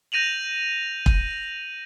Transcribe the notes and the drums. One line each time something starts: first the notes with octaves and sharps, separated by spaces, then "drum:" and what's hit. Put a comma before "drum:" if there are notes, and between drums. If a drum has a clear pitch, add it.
G6 A#6 D#7 F7 F#7
drum: kick